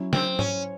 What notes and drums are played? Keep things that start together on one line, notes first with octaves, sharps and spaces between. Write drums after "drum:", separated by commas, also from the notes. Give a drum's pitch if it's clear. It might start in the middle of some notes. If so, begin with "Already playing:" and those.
Already playing: F#3 C#4 E4
C4, drum: snare
C#4, drum: tom G#2